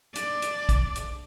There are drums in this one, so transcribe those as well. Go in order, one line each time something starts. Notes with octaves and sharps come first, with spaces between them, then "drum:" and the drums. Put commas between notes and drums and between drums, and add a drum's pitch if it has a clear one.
D4 D5, drum: hi-hat
drum: hi-hat
drum: kick, hi-hat
drum: hi-hat